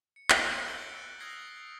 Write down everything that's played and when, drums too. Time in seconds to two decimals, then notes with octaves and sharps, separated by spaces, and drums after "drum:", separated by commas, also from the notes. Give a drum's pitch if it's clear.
0.16 C#7
0.30 F#6 G6 A6 C#7 D7, drum: clap
0.63 E6 G6 A6 F#7 G7
0.92 E6 F#6 A#6
1.20 D#6 F6 F#6 G#6 A#6 C7